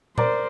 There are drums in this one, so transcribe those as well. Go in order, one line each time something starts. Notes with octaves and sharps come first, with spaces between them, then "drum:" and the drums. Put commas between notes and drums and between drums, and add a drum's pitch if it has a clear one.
A#4 C5 D5, drum: tom A#2